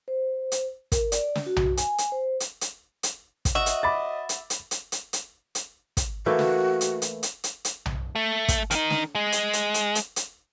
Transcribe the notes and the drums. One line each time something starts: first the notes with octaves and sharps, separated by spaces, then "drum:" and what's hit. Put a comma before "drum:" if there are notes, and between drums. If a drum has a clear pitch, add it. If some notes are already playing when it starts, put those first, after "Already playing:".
C5
drum: hi-hat
A#4, drum: kick, hi-hat
D5, drum: hi-hat
drum: snare
F#4
drum: tom B1
G#5, drum: hi-hat
drum: hi-hat
C5
drum: hi-hat
drum: hi-hat
drum: hi-hat
drum: kick, hi-hat
F#4 D#5 E5
drum: hi-hat
B5 D6 A6
drum: hi-hat
drum: hi-hat
drum: hi-hat
drum: hi-hat
drum: hi-hat
drum: hi-hat
drum: kick, hi-hat
E3 A3 A#3 F#4
drum: snare
drum: hi-hat
drum: hi-hat
drum: hi-hat
drum: hi-hat
drum: hi-hat
drum: tom B1
A3
drum: kick, hi-hat
D#3 D#4, drum: hi-hat
drum: snare
G#3
drum: hi-hat
drum: hi-hat
drum: hi-hat
drum: hi-hat
drum: hi-hat